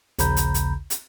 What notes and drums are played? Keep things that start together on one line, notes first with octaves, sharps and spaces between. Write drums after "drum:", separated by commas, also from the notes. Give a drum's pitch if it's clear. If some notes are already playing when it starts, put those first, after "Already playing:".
A#1 D#2 C#3 A#5 B5 G6, drum: hi-hat
drum: hi-hat
drum: hi-hat
drum: hi-hat